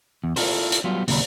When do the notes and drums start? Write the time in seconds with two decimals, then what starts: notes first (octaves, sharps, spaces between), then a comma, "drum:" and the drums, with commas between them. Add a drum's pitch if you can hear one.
0.24 E2
0.36 E4 F4 A4 A#4 C5, drum: open hi-hat
0.72 drum: hi-hat
0.84 F#3 G3 B3 F4
1.08 D#2 A#2 C#3 F#3 A#5 B5, drum: open hi-hat